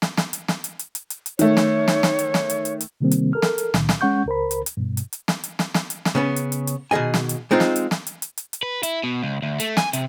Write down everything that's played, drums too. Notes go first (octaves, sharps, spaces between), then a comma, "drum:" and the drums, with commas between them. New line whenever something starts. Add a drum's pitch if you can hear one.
drum: snare
drum: snare
drum: hi-hat
drum: snare
drum: hi-hat
drum: hi-hat
drum: hi-hat
drum: hi-hat
drum: hi-hat
D#3 A3 C#5, drum: hi-hat
drum: snare
drum: snare
drum: snare
drum: hi-hat
drum: snare
drum: hi-hat
drum: hi-hat
drum: hi-hat
C3 D#3 G3 A#3 C4
drum: hi-hat
A4 A#4 F6
drum: snare
drum: hi-hat
C#2 A#2 D#3, drum: snare
drum: snare
G#3 C#4 F#5 C#6 G6
C#2 A#4 C5 B5
drum: hi-hat
drum: hi-hat
G2 B2
drum: hi-hat
drum: hi-hat
drum: snare
drum: hi-hat
drum: snare
drum: snare
drum: hi-hat
drum: snare
C#3 B3 C#4
drum: hi-hat
drum: hi-hat
drum: hi-hat
B2 D#3 G#4 D#5 G#5
drum: snare
drum: hi-hat
G#3 C4 D#4 F4
drum: snare
drum: hi-hat
drum: snare
drum: hi-hat
drum: hi-hat
drum: hi-hat
drum: hi-hat
B4
E4, drum: hi-hat
B2
C#2
D2
A3, drum: hi-hat
G#5, drum: snare
C3, drum: hi-hat